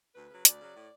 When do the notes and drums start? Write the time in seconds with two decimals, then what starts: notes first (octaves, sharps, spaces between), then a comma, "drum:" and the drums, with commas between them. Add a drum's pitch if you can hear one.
0.15 D2 B4
0.30 C#3 F#3
0.45 D2 D5, drum: hi-hat
0.60 C#3 F#3
0.76 A2